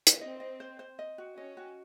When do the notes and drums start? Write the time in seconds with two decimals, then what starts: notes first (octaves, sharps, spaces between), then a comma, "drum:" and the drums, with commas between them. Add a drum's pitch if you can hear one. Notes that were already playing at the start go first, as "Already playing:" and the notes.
0.07 drum: hi-hat
0.21 C4 D#5
0.40 D#5
0.60 C5
0.79 C5
0.99 D#5
1.18 F#4
1.37 C#4 D#5
1.57 F#4